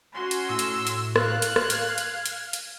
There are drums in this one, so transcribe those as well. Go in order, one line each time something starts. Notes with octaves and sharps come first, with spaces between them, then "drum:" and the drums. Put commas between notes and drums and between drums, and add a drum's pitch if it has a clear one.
C#4 F#4 C6
drum: hi-hat
A2 E6
drum: hi-hat
drum: hi-hat
F5 F#6, drum: rim click
drum: hi-hat
G#6, drum: rim click
drum: hi-hat
drum: hi-hat
drum: hi-hat
drum: hi-hat